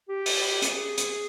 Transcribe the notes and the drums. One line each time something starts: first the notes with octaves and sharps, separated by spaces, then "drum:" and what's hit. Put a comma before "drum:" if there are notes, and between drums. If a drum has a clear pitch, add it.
G4
drum: open hi-hat
G#4, drum: hi-hat
drum: hi-hat